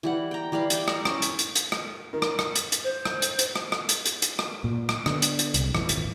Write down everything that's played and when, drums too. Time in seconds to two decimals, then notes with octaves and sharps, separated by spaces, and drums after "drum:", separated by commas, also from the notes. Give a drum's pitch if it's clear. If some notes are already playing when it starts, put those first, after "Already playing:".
0.03 E3 G3 F#5
0.31 G5 A#5
0.52 E3 G3 F5 B5
0.70 D5 G5, drum: hi-hat
0.88 D5 E5 A5 A#5, drum: rim click
1.05 C#4, drum: rim click
1.22 drum: hi-hat
1.39 drum: hi-hat
1.55 drum: hi-hat
1.72 drum: rim click
2.13 D#3
2.22 drum: rim click
2.39 drum: rim click
2.55 drum: hi-hat
2.72 drum: hi-hat
2.84 C5
3.05 drum: rim click
3.22 drum: hi-hat
3.39 drum: hi-hat
3.55 drum: rim click
3.72 drum: rim click
3.89 drum: hi-hat
4.06 drum: hi-hat
4.22 drum: hi-hat
4.39 drum: rim click
4.64 A#2
4.89 drum: rim click
5.06 D3 B3, drum: rim click
5.22 drum: hi-hat
5.39 drum: hi-hat
5.54 C2, drum: hi-hat
5.75 D#1 G#1 E3 F3, drum: rim click
5.89 drum: hi-hat